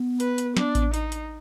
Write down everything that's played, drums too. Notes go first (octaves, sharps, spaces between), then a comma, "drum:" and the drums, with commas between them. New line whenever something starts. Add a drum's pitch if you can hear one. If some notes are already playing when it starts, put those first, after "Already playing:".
Already playing: B3
B4, drum: hi-hat
drum: hi-hat
D4, drum: snare
drum: kick A1, hi-hat
D#4, drum: hi-hat
drum: hi-hat